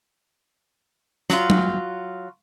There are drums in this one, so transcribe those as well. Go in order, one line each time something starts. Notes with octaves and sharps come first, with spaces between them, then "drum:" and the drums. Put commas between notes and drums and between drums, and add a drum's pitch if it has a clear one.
F#3 F4, drum: snare
drum: tom